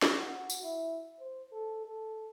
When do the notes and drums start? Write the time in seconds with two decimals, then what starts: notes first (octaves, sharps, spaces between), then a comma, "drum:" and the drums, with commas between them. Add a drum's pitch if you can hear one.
0.02 drum: snare
0.19 F#4
0.50 drum: tambourine
0.62 E4
1.19 C5
1.52 A4
1.85 A4